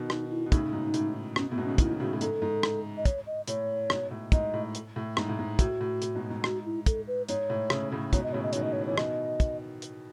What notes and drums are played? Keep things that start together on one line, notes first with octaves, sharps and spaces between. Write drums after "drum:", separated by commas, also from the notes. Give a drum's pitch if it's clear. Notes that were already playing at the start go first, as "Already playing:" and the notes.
Already playing: B2 D#3
D#4, drum: rim click
E4
B2
A2 C#3 D#4, drum: kick, hi-hat
C#3
G#2 B2
A2, drum: hi-hat
G#2 B2 C#4, drum: rim click
A2 B3
G#2 B2
C#3 C#4
B2 D#3 E4, drum: kick, hi-hat
A2 C#3 F#4
A2
G#2 A4, drum: hi-hat
G#2
drum: rim click
D#5
C#5, drum: kick, hi-hat
D#5
A2 C#5, drum: hi-hat
G#2 B2, drum: rim click
A2
G#2 D#5, drum: kick, hi-hat
A2
drum: hi-hat
A2
G#2, drum: rim click
A2
G#2
A2 F#4, drum: kick, hi-hat
A2
A2, drum: hi-hat
G#2 B2
G#2
F#4, drum: rim click
E4
A4, drum: kick, hi-hat
B4
G#2 C#5, drum: hi-hat
A2
A2 C#3, drum: rim click
A2 C#3
G#2 B2 C#5, drum: kick, hi-hat
D#5
B2
A2 C#3 C#5
D#5
B2 D#3 C#5, drum: hi-hat
D#5
C#5
E3 C#5
B2 D#3 D#5, drum: rim click
drum: kick, hi-hat
drum: hi-hat